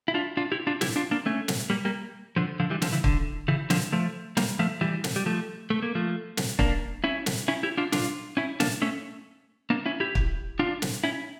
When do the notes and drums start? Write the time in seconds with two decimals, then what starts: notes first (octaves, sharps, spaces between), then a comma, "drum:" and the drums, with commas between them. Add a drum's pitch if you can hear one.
0.08 E4
0.14 D4 F4
0.37 D4 F4
0.52 E4 G4
0.67 D4 F4
0.81 E4 G4, drum: snare
0.96 D4 F4
1.11 A#3 D4
1.26 A3 C#4
1.48 drum: snare
1.70 G3 A#3
1.85 G3 A#3
2.36 D3 F3
2.60 D3 F3
2.70 E3 G3
2.82 D3 F3, drum: snare
2.92 C#3 E3
3.04 D3, drum: kick
3.48 C#3 E3
3.70 D3 F3, drum: snare
3.92 F3 A3
4.37 G3 A#3, drum: snare
4.59 F3 A3
4.81 E3 G3
5.04 drum: snare
5.16 G3
5.26 F3 A3
5.70 A3
5.82 A#3
5.95 F3 A3
6.37 drum: snare
6.59 A#3 D4, drum: kick
7.04 C#4 E4
7.26 drum: snare
7.48 C#4 E4
7.63 E4 G4
7.77 D4 F4
7.92 D4 F4, drum: snare
8.37 C#4 E4
8.60 A#3 D4, drum: snare
8.82 A3 C#4
9.70 A#3 D4
9.86 C#4 E4
10.00 E4 G4
10.15 drum: kick
10.59 D4 F4
10.82 drum: snare
11.04 C#4 E4